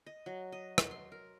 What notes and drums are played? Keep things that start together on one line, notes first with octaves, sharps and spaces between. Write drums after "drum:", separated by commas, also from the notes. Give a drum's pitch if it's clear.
D#5
F#3
D#5
drum: rim click
C6
A#4